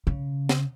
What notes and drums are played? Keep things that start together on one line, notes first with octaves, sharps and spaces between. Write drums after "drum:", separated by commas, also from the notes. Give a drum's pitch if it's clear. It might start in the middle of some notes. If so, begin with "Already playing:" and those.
C#3
drum: snare